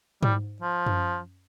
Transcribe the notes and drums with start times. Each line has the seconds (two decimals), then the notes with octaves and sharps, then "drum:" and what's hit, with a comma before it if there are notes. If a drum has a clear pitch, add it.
0.23 G3, drum: tom G#2
0.62 F3
0.86 drum: tom F#2